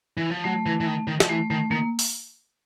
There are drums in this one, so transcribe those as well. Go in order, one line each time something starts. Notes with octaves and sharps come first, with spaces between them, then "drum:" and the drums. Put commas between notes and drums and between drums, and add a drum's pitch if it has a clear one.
E3
F3
F#3 A3
E3
E3
D#3
D#3
F3, drum: snare
E3 A3
D#3 A3
D#3 A#3
drum: open hi-hat